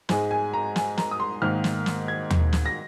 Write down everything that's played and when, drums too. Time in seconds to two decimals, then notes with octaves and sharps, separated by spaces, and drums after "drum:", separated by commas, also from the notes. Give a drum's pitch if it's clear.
0.09 G#2 G#3 G#5, drum: snare
0.31 G#5
0.54 A#5
0.76 G#5, drum: snare
0.98 A#5, drum: snare
1.11 D#6
1.20 C6
1.42 G#2 D#3 A#3 F6
1.64 drum: snare
1.86 drum: snare
2.08 G#6
2.30 drum: tom
2.53 drum: snare
2.66 A#6